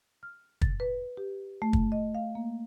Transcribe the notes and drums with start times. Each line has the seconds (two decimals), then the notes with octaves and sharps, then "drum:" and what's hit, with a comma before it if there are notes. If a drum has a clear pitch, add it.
0.23 F6
0.61 A6, drum: kick
0.80 B4
1.17 G4
1.62 A3
1.73 drum: kick
1.92 D#5
2.15 F5
2.35 A#3